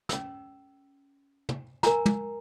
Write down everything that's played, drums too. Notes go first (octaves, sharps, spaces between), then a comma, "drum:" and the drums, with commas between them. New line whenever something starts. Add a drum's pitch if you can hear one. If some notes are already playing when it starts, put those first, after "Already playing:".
C#4 E6, drum: snare
drum: tom
A#4 G#5 A#5, drum: snare
drum: tom